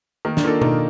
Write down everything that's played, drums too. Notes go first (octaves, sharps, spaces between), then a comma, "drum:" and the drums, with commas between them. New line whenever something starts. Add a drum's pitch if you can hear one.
D#3 A#3
D4, drum: snare
A#3 D#4 F4 A4
D#3 D#4, drum: tom B2